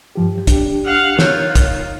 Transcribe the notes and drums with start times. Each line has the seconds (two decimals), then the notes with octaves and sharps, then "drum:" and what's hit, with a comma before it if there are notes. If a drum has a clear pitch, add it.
0.15 G2 F3 G4
0.47 D4 G4, drum: kick, hi-hat
0.85 F5 F#5
1.19 D#3 F4 C#5 F#6 G6, drum: snare
1.55 drum: kick, hi-hat